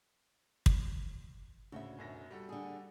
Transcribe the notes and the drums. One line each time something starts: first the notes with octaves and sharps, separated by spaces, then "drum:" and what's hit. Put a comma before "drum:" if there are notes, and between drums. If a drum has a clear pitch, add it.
drum: kick
D2 A2 C#3 E5
B1 F#2 A#6
G3 F#4 A4
D3 G#4